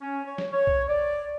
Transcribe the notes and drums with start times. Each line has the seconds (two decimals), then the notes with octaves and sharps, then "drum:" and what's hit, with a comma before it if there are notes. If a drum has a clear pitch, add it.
0.01 C#4
0.25 C#5
0.38 drum: snare
0.53 C#5
0.67 drum: kick B1
0.88 D5